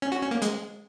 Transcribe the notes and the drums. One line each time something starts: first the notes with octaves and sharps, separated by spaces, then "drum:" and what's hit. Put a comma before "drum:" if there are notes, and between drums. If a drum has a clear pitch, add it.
C#4
F#4
C#4
A#3
G#3, drum: hi-hat